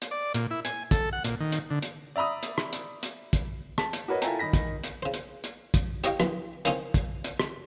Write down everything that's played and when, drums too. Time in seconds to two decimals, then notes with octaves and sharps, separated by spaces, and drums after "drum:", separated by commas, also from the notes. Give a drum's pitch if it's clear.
0.02 drum: hi-hat
0.11 D5
0.34 A#2, drum: hi-hat
0.51 E4
0.65 G#5, drum: hi-hat
0.91 A4, drum: kick, hi-hat
1.13 F#5
1.24 A#2, drum: hi-hat
1.40 D#3
1.52 drum: hi-hat
1.70 D3
1.82 drum: hi-hat
2.16 D5 E5 A#5 B5 D#6
2.43 drum: hi-hat
2.58 drum: rim click
2.73 drum: hi-hat
3.03 drum: hi-hat
3.33 drum: kick, hi-hat
3.78 A5 B6, drum: rim click
3.93 drum: hi-hat
4.08 F#4 A#4 B4 C#5 D#5
4.22 E4 F4 A4 G5 G#5 A#5, drum: hi-hat
4.39 D#3 D#4 B5 A#6 B6
4.53 drum: kick, hi-hat
4.84 drum: hi-hat
5.03 C#3 C5
5.14 drum: hi-hat
5.44 drum: hi-hat
5.74 drum: kick, hi-hat
6.04 G4 C#5 D#5 F5 G5, drum: hi-hat
6.20 A#1 E3, drum: rim click
6.65 A#3 C4 C#4 D#4 F4, drum: hi-hat
6.94 drum: kick, hi-hat
7.24 drum: hi-hat
7.39 drum: rim click